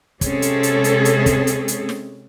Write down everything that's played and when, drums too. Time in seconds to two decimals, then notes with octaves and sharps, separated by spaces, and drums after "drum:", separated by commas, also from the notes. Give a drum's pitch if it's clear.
0.21 C3 G#3 C4 C#4 G#4 A4, drum: kick, hi-hat
0.42 drum: hi-hat
0.63 drum: hi-hat
0.84 drum: hi-hat
1.05 drum: hi-hat
1.26 drum: kick, hi-hat
1.47 drum: hi-hat
1.68 drum: hi-hat
1.89 drum: snare